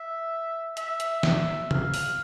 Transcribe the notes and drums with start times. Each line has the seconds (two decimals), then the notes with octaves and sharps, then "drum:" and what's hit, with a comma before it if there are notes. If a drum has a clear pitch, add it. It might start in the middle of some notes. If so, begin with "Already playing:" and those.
Already playing: E5
0.77 E5, drum: hi-hat
1.00 drum: hi-hat
1.23 drum: snare
1.71 F5, drum: tom C#3
1.94 drum: open hi-hat